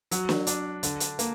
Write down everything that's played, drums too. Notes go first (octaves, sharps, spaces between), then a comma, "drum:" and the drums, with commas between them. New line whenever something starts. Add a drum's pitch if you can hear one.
F#3, drum: hi-hat
drum: snare
D4, drum: hi-hat
D3, drum: hi-hat
drum: hi-hat
A#3, drum: hi-hat